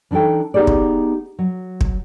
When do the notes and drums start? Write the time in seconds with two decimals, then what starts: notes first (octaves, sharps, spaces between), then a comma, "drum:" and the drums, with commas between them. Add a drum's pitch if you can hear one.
0.11 E3 D4 D#4 A4 G5
0.54 B3 D#4 G4 G#4 D5
0.67 drum: kick
1.39 F#3
1.81 drum: kick